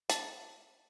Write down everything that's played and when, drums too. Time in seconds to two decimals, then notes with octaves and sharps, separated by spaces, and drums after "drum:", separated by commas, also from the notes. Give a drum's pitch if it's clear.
0.10 A5, drum: hi-hat